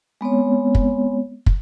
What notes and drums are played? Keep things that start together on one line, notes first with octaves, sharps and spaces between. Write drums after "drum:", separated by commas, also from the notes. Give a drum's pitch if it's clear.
G#3 B3 C4 C#5
drum: kick
drum: kick